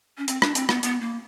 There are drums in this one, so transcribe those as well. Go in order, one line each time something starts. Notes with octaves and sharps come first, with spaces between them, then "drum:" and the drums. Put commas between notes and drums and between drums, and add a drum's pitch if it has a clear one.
C#4
C4, drum: hi-hat
D4, drum: rim click
C4, drum: hi-hat
B3, drum: rim click
B3, drum: hi-hat
A#3